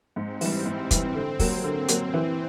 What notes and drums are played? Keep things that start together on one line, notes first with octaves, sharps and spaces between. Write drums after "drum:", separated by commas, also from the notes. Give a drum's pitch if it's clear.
G#2 C4
E3 G3, drum: open hi-hat
G#2 C4
E3 G3, drum: kick, hi-hat
D3
F#3 A#3, drum: kick, open hi-hat
D3
F#3 A#3, drum: hi-hat
E3 C4